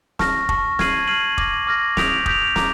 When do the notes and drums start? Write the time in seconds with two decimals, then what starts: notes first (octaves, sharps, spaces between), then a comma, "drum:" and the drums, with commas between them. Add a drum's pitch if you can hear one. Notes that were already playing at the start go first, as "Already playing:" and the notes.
0.19 A5 C#6 F6 A#6, drum: snare
0.49 A5 C#6 F6 A#6, drum: kick F1
0.79 F6 G#6 C7 D#7 F#7, drum: snare
1.08 F6 G#6 C7 D#7 F#7
1.38 D6 F6 A#6, drum: kick F1
1.67 D6 F6 A#6
1.97 D#6 G6 B6 D7 F7, drum: snare
2.26 D#6 G6 B6 D7 F7, drum: kick F1
2.56 A#5 D6, drum: snare